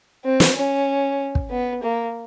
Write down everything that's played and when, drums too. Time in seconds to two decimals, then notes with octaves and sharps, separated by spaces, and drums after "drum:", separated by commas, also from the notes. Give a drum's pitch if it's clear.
0.25 C4
0.40 drum: snare
0.56 C#4
1.35 drum: kick
1.51 B3
1.83 A#3